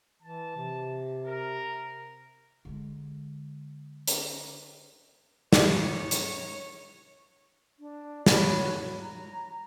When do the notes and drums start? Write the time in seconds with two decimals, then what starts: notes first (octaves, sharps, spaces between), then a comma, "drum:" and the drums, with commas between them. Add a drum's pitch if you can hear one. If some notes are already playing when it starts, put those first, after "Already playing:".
0.22 E3 A5
0.56 C3
1.25 A#4
2.65 D3 G#3
4.08 drum: hi-hat
5.53 D4 E4 C#5, drum: snare
6.11 drum: hi-hat
7.80 D4
8.26 F#4 C#5 B5, drum: snare
9.01 A#5